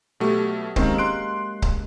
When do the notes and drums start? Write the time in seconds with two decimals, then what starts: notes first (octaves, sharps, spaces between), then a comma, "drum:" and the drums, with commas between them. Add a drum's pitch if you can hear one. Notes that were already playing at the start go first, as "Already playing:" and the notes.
0.20 B2 F#3 A3 G4 A4
0.76 D#3 G#3 A#3 C4 C#4, drum: kick C#1
0.99 C6 F#6 D7
1.62 drum: kick C#1